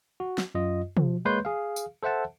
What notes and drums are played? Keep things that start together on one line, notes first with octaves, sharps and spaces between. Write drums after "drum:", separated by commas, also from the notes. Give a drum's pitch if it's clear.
F#4
drum: snare
F#2 F4 D#5
F3, drum: tom
G#3 A#3 B4 C#5 C6 G6
G#4 F5
drum: tambourine
A4 C5 E5 F#5 A5